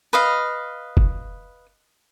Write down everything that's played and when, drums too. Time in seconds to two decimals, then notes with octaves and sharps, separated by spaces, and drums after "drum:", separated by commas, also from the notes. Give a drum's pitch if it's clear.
0.13 B4 D#5 F5
0.97 drum: kick F1